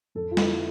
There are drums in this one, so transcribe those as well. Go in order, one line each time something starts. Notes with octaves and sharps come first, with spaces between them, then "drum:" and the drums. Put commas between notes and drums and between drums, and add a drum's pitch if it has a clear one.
F2 A4
F4
D3, drum: snare
E4